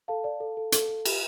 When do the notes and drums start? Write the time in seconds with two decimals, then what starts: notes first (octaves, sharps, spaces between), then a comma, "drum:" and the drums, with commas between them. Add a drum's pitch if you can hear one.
0.08 A4 F5 A5
0.24 D5
0.40 A4
0.57 A4
0.72 A4, drum: hi-hat
0.88 A4
1.05 G4, drum: cymbal